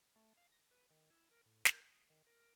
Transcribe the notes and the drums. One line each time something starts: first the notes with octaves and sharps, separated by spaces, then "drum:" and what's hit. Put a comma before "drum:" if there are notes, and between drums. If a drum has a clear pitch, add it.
A3
F5
A#6
B4
D#3
E4
A#4
A2
A#4, drum: snare
D#6
D#3
A#4